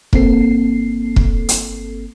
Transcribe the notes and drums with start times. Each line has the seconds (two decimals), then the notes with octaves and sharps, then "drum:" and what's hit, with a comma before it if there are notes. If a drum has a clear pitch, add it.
0.13 G1 A#3 C4 A4 C7, drum: kick
1.16 drum: kick
1.49 drum: hi-hat